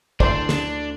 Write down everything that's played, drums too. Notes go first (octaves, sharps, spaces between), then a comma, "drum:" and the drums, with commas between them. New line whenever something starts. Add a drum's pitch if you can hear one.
D2 E3 D4 A4 C5 D5 C#7, drum: kick
drum: snare